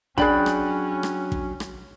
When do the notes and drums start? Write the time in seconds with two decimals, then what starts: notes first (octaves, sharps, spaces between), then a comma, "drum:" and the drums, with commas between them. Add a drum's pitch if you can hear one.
0.18 F#3 C#4 D4 G#4 D5 G5 B5 F#6, drum: kick
0.46 drum: rim click
1.03 drum: rim click
1.32 drum: kick
1.60 drum: rim click